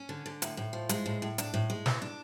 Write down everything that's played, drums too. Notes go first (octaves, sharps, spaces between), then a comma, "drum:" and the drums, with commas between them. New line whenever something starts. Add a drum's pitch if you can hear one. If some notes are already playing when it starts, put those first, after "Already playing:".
Already playing: C#4
D3
D3
A2, drum: hi-hat
A2
F3
G#3, drum: hi-hat
A2
A2
D4, drum: hi-hat
A2
G#3
B3, drum: snare
D4